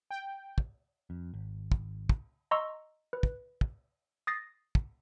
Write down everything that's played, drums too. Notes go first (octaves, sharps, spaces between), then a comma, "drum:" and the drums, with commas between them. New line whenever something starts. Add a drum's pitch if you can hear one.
G5
drum: kick
F2
G#1
drum: kick
drum: kick
D#5 A#5 C6 C#6 E6
B4
drum: kick
drum: kick
D#6 A6 A#6 C7
drum: kick